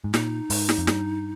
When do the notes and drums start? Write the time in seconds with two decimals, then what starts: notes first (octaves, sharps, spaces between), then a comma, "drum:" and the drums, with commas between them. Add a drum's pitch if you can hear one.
0.04 G#2
0.14 A#2 D#4, drum: snare
0.50 G#2, drum: open hi-hat
0.69 drum: snare
0.78 F2
0.87 G2, drum: snare